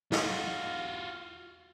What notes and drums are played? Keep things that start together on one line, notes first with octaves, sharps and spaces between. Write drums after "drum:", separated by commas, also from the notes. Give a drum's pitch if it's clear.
F4 F#4, drum: snare